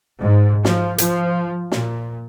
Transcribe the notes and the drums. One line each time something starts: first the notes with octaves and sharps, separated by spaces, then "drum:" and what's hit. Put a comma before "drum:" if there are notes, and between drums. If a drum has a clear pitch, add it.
G#2
F3, drum: snare
F3, drum: hi-hat
A#2, drum: snare